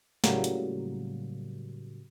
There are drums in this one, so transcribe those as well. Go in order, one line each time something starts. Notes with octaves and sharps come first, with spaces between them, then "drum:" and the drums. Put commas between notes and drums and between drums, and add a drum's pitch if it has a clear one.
A2 C#3 F#3 G3 A#3, drum: snare
drum: hi-hat